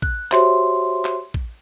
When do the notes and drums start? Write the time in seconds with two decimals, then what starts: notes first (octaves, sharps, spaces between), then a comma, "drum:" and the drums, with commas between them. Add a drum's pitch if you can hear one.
0.02 F#6, drum: kick
0.32 F#4 G4 C5 C#5 E5 C6, drum: clap
1.05 drum: clap
1.34 drum: kick